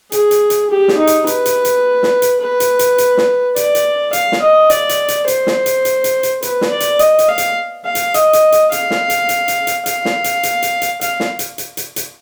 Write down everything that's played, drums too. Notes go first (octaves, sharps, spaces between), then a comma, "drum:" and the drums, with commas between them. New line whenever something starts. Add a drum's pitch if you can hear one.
G#4, drum: hi-hat
drum: hi-hat
drum: hi-hat
G4
drum: snare
D#4
drum: hi-hat
B4, drum: hi-hat
drum: hi-hat
drum: hi-hat
drum: snare
drum: hi-hat
B4
drum: hi-hat
drum: hi-hat
drum: hi-hat
drum: snare
D5, drum: hi-hat
drum: hi-hat
F5, drum: hi-hat
drum: snare
D#5
D5, drum: hi-hat
drum: hi-hat
drum: hi-hat
C5, drum: hi-hat
drum: snare
drum: hi-hat
drum: hi-hat
drum: hi-hat
drum: hi-hat
B4, drum: hi-hat
drum: snare
D5
drum: hi-hat
D#5, drum: hi-hat
drum: hi-hat
F5
drum: hi-hat
F5
drum: hi-hat
D#5, drum: hi-hat
drum: hi-hat
drum: hi-hat
F5, drum: hi-hat
drum: snare
drum: hi-hat
drum: hi-hat
drum: hi-hat
drum: hi-hat
F5, drum: hi-hat
drum: snare
drum: hi-hat
drum: hi-hat
drum: hi-hat
drum: hi-hat
F5, drum: hi-hat
drum: snare
drum: hi-hat
drum: hi-hat
drum: hi-hat
drum: hi-hat